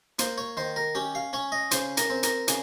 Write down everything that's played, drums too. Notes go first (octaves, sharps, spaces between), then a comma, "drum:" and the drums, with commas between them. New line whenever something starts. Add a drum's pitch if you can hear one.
A#3 C5, drum: hi-hat
C#5
D#3 C5
A#4
C#4 G4
F5
C#4 C#5
D#5
C#3 C5, drum: hi-hat
A#4, drum: hi-hat
C4
A#4, drum: hi-hat
C#3, drum: hi-hat